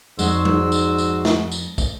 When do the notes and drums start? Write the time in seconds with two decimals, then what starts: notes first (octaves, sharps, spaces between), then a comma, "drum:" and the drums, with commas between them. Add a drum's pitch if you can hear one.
0.19 F2 G#2 G#3 F#4 D5 C6 E6, drum: tambourine
0.45 drum: tom F#3
0.72 drum: tambourine
0.98 drum: tambourine
1.25 drum: snare
1.51 drum: tambourine
1.78 drum: kick, tambourine